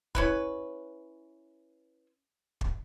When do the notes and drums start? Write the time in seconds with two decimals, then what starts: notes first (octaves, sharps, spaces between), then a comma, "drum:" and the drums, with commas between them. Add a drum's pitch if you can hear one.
0.15 C#4 E4 B4, drum: kick
2.61 drum: kick